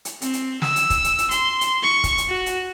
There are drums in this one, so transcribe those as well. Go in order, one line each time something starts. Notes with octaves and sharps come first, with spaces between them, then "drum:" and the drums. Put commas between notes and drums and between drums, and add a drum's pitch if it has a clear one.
drum: hi-hat
C4, drum: hi-hat
drum: hi-hat
E6, drum: snare
drum: hi-hat
drum: kick, hi-hat
drum: hi-hat
drum: hi-hat
C6, drum: hi-hat
drum: hi-hat
C#6
drum: kick, hi-hat
drum: hi-hat
F#4
drum: hi-hat